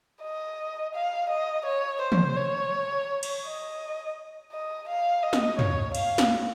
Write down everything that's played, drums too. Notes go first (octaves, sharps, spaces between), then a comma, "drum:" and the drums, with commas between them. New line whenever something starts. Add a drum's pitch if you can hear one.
D#5
F5
D#5
C#5
C5
drum: tom
C#5
drum: cymbal
D#5
D#5
F5
D#5
drum: snare
C#5, drum: tom
F5, drum: cymbal
drum: snare